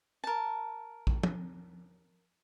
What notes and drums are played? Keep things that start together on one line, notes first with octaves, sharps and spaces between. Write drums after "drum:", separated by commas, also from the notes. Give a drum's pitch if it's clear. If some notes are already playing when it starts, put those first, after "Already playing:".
A#4 A5
drum: kick A#1
drum: tom